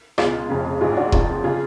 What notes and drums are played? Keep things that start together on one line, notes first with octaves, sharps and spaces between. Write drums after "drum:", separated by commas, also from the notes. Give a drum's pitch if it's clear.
C#2 B2 F4 G#4, drum: rim click
F1 F2 C#3
A1 G#2 F4 G#4
D4 F#4
F#1 F2 C#3 C#4 F4, drum: kick E1
C#3 F4 G#4